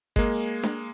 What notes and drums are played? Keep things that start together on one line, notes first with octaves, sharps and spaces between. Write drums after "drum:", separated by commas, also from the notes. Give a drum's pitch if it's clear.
G#3 A#3, drum: kick G1
drum: snare D4